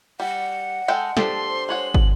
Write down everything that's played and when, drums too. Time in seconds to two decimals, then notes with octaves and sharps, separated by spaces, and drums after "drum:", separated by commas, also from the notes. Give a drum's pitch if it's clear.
0.20 G3 F#5
0.88 G#3 A4 G5
1.17 F3 D4 G4 A4 C6, drum: snare
1.47 C5
1.69 G#3 C#5 F#5 F#7
1.94 drum: kick